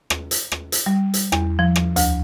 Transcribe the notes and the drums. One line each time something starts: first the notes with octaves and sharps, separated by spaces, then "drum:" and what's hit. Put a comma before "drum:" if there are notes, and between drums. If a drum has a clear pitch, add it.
drum: rim click
drum: hi-hat
drum: rim click
drum: hi-hat
G3
drum: hi-hat
E2, drum: rim click
F3
drum: rim click
D2, drum: hi-hat